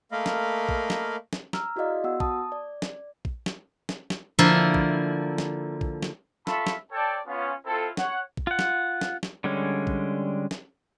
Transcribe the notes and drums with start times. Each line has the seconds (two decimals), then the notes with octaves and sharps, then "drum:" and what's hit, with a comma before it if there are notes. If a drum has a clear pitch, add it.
0.12 A3 A#3 A#4 D#5 F5 B5
0.26 drum: snare
0.69 drum: kick
0.90 drum: snare
1.33 drum: snare
1.53 A#5 E6 F6, drum: snare
1.76 E4 F#4 G#4 D5 D#5 F5
2.04 B3 F#4 F#5 E6
2.20 A5 D#6, drum: kick
2.52 D5
2.82 drum: snare
3.25 drum: kick
3.46 drum: snare
3.89 drum: snare
4.10 drum: snare
4.39 D3 F3 A#3 E4
4.74 drum: kick
5.38 drum: snare
5.81 drum: kick
6.02 drum: snare
6.47 F4 A4 E5 A5 B5 C#6, drum: snare
6.67 drum: snare
6.92 A4 C#5 D5 G5 A5
7.27 B3 C#4 F4
7.66 C4 E4 F4 A4
7.97 C#5 F#5, drum: snare
8.37 drum: kick
8.47 F4 F#5
8.59 drum: snare
9.01 drum: snare
9.23 drum: snare
9.44 D3 G3 G#3 C#4
9.87 drum: kick
10.51 drum: snare